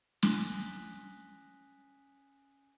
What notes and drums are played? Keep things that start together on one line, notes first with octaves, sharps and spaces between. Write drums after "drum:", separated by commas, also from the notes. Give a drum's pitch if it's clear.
C#4 G#5 D#6 F#6 A#6 B6, drum: snare